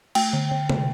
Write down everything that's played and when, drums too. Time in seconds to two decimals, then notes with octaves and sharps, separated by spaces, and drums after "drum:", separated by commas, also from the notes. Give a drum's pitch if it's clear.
0.15 A3 G5, drum: cymbal
0.33 D3
0.51 D3
0.70 D3, drum: tom